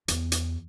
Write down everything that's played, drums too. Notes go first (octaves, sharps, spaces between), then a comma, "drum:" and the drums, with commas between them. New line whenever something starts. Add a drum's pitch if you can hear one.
E2, drum: hi-hat
drum: hi-hat